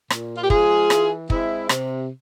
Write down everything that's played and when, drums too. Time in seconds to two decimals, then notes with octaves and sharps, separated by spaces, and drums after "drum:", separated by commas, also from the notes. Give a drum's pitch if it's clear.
0.10 A#2, drum: rim click
0.36 F4
0.43 G4
0.50 F3 G#3 F4 G#4, drum: kick
0.90 E3, drum: rim click
1.30 G#3 C4 E4, drum: kick
1.69 C3, drum: rim click